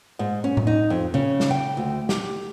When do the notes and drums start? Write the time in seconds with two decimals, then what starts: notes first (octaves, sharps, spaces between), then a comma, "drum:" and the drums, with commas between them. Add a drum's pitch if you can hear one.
0.19 G#2
0.44 C#4
0.57 drum: tom A2
0.67 D#4
0.90 F2
1.14 C#3
1.40 drum: snare
1.51 G5
1.77 D2
2.09 G4, drum: snare